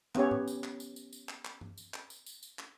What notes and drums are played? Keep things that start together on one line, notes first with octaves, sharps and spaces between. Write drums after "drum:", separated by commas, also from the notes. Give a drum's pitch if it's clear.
B3 C#4 G4 C#5, drum: clap
drum: tom A2
drum: tambourine
drum: clap
drum: tambourine
drum: tambourine
drum: tambourine
drum: clap
drum: clap
drum: tom
drum: tambourine
drum: clap
drum: tambourine
drum: tambourine
drum: tambourine
drum: clap